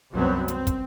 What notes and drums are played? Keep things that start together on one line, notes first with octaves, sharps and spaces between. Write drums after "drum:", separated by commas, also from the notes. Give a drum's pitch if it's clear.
C2 F#2 F#3 B3 C4
C4, drum: hi-hat
drum: kick, hi-hat